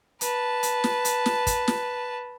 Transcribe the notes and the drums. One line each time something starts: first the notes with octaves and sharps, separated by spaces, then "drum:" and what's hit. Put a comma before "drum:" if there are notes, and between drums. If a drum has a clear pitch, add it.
B4 A5, drum: hi-hat
drum: hi-hat
drum: snare
drum: hi-hat
drum: snare
drum: kick, hi-hat
drum: snare